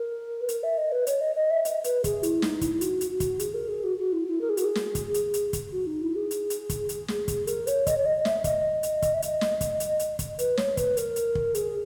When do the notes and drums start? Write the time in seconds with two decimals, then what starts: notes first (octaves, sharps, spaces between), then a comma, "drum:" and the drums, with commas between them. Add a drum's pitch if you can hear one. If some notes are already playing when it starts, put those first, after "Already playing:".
Already playing: A#4
0.41 B4
0.49 A#4, drum: hi-hat
0.63 E5
0.78 D#5
0.92 B4
1.07 C#5, drum: hi-hat
1.21 D#5
1.36 D#5
1.51 E5
1.65 drum: hi-hat
1.84 B4, drum: hi-hat
2.04 G#4, drum: kick, hi-hat
2.23 E4, drum: hi-hat
2.42 D#4, drum: snare
2.61 E4, drum: kick, hi-hat
2.81 F#4, drum: hi-hat
3.01 drum: hi-hat
3.10 F#4
3.20 drum: kick, hi-hat
3.39 G#4, drum: hi-hat
3.54 A#4
3.68 G#4
3.84 F#4
3.98 F#4
4.13 E4
4.28 E4
4.41 A#4
4.49 G#4
4.57 F#4, drum: hi-hat
4.65 G#4
4.75 drum: snare
4.95 drum: kick, hi-hat
5.14 drum: hi-hat
5.34 drum: hi-hat
5.53 drum: kick, hi-hat
5.72 F#4
5.87 D#4
6.02 E4
6.16 G#4
6.31 drum: hi-hat
6.50 drum: hi-hat
6.70 drum: kick, hi-hat
6.89 drum: hi-hat
7.08 drum: snare
7.28 drum: kick, hi-hat
7.47 A#4, drum: hi-hat
7.67 C#5, drum: hi-hat
7.87 D#5, drum: kick, hi-hat
7.98 C#5
8.06 D#5
8.25 E5, drum: snare
8.44 D#5, drum: kick, hi-hat
8.83 drum: hi-hat
9.02 drum: kick, hi-hat
9.14 E5
9.22 D#5, drum: hi-hat
9.41 drum: snare
9.61 drum: kick, hi-hat
9.80 drum: hi-hat
9.99 drum: hi-hat
10.19 drum: kick, hi-hat
10.39 B4, drum: hi-hat
10.57 C#5, drum: snare
10.77 B4, drum: kick, hi-hat
10.97 A#4, drum: hi-hat
11.16 drum: hi-hat
11.35 drum: kick
11.55 G#4, drum: hi-hat